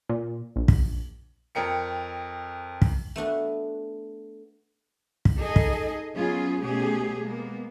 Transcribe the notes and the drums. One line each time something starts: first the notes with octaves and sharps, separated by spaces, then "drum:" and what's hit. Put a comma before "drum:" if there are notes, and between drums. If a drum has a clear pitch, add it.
A#2
A#1
drum: kick
F2 A#4 G5 C#7
drum: kick
A3 B3 D4 F#4
drum: kick
D#4 G#4 A4 D#5
drum: kick
F#3 B3 C#4 F4 G#4
B2 A3 C#4 G4 G#4
G#3 A#3 B3